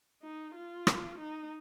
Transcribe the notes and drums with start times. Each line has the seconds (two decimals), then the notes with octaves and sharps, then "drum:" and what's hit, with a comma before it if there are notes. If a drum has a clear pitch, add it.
0.23 D#4
0.55 F4
0.87 drum: rim click
1.18 D#4